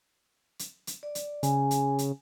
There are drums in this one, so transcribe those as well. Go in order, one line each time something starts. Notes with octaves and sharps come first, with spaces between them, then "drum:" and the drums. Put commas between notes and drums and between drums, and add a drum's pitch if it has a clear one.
drum: hi-hat
drum: hi-hat
D5
drum: hi-hat
C#3 G#5, drum: hi-hat
drum: hi-hat
drum: hi-hat